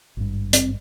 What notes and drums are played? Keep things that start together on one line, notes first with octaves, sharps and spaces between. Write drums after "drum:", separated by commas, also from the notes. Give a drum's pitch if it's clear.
G#1 G2
C4, drum: hi-hat